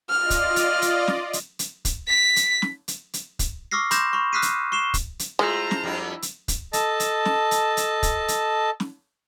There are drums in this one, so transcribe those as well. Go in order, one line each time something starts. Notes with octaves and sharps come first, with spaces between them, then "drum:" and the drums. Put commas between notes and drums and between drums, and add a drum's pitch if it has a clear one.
F4 D5 D#5 F6
drum: kick, hi-hat
drum: hi-hat
drum: hi-hat
drum: snare
drum: hi-hat
drum: hi-hat
drum: kick, hi-hat
B6
drum: hi-hat
drum: snare
drum: hi-hat
drum: hi-hat
drum: kick, hi-hat
C#6 D6 E6 F6 A#6 C7
B5 C6 D6 G6 A#6 E7, drum: hi-hat
B5 C#6
D#6 F6 F#6 B6 C7 D#7
drum: hi-hat
C#6 C7 E7 G7
drum: kick, hi-hat
drum: hi-hat
G#3 A3 E4 F4 C5 E5 A#5
drum: snare
F2 G3 D4 E4
drum: hi-hat
drum: kick, hi-hat
A4 D#5 A5, drum: hi-hat
drum: hi-hat
drum: snare
drum: hi-hat
drum: hi-hat
drum: kick, hi-hat
drum: hi-hat
drum: snare